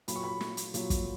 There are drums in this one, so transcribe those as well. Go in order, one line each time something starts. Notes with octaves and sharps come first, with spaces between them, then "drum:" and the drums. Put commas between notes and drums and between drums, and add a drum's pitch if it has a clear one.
A#2 F#3 B5, drum: hi-hat
C#6
B5
drum: snare
drum: hi-hat
A#2 F#3, drum: hi-hat
drum: kick, hi-hat